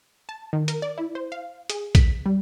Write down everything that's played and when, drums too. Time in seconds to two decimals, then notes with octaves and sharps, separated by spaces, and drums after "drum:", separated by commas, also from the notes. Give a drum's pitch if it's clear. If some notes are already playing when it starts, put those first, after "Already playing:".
0.29 A5
0.53 D#3
0.68 A#4, drum: hi-hat
0.82 D5
0.98 E4
1.15 C5
1.32 F5
1.70 G#4, drum: hi-hat
1.95 B6, drum: kick A#1, hi-hat
2.26 G3